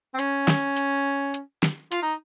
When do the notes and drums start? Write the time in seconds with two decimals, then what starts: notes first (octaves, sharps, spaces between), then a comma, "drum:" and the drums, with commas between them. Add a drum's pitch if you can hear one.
0.14 C4
0.19 C#4, drum: hi-hat
0.48 drum: snare
0.77 drum: hi-hat
1.34 drum: hi-hat
1.63 drum: snare
1.92 F4, drum: hi-hat
2.03 D#4